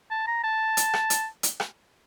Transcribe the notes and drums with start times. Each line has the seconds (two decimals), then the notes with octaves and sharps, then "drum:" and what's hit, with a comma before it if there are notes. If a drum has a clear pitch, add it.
0.11 A5
0.27 A#5
0.44 A5
0.77 drum: hi-hat
0.94 drum: rim click
1.10 drum: hi-hat
1.43 drum: hi-hat
1.60 drum: rim click